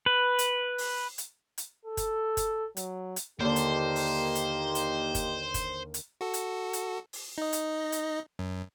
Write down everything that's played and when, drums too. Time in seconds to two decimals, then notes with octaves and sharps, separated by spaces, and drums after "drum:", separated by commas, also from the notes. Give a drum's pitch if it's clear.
0.06 B4
0.39 drum: hi-hat
0.78 drum: open hi-hat
1.18 drum: hi-hat
1.58 drum: hi-hat
1.85 A4
1.97 drum: kick F#1, hi-hat
2.37 drum: kick F#1, hi-hat
2.77 F#3, drum: hi-hat
3.16 drum: hi-hat
3.40 D#2 D3 A#3 D#4 G4 C5
3.56 drum: hi-hat
3.96 drum: open hi-hat
4.35 drum: hi-hat
4.75 drum: hi-hat
5.15 drum: kick F#1, hi-hat
5.54 drum: kick F#1, hi-hat
5.94 drum: hi-hat
6.21 F#4 A4
6.34 drum: hi-hat
6.73 drum: hi-hat
7.13 drum: open hi-hat
7.38 D#4 D#5
7.53 drum: hi-hat
7.92 drum: hi-hat
8.39 F#2